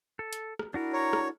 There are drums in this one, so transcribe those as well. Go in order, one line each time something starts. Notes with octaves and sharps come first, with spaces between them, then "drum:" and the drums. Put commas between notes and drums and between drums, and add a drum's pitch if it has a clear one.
A4
drum: hi-hat
drum: rim click
D4 E4 F#4 A#4
C#5 A#5
drum: rim click